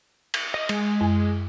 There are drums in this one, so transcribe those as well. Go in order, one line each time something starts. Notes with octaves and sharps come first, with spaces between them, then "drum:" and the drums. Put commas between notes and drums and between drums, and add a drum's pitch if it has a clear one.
drum: cymbal
D#5
G#3, drum: cymbal
F#2 G#5